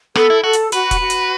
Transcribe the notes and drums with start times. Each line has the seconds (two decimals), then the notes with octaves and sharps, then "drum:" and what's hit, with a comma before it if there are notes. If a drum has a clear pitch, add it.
0.15 B3 A4, drum: rim click
0.30 E4
0.44 F#4 A4
0.53 drum: hi-hat
0.72 F#4 B4, drum: hi-hat
0.91 drum: kick E1, hi-hat
1.00 F#4
1.10 drum: hi-hat